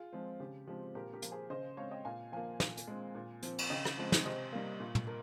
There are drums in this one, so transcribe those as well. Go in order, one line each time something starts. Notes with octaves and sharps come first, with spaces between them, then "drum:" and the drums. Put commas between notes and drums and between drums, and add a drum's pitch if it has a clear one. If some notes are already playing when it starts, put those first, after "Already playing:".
Already playing: F4 G#4
F3 G#3 C4
C#3 G4
F3 G#3 C4 G4
A#2 G4 A#4
G4 A#4
F3 A#3, drum: hi-hat
G#4 C5
C#3 C5 D#5
G#3 C4 C#5 F5
D#5 G5
A#2 F5 G#5
F3 A#3 F5 G#5
A#2, drum: snare
drum: hi-hat
G#3 C4
A#2
F3 C4, drum: hi-hat
drum: cymbal
C#3 D#5 G5
drum: rim click
F3 G#3 C4
drum: snare
C3 C5 D#5
G3 A#3
A#2
drum: tom
A#4